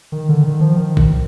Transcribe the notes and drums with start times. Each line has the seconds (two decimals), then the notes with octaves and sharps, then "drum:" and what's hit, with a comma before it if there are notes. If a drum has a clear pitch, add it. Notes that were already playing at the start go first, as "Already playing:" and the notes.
0.12 D#3
0.29 D3
0.44 D#3
0.60 F3
0.76 D#3
0.97 drum: kick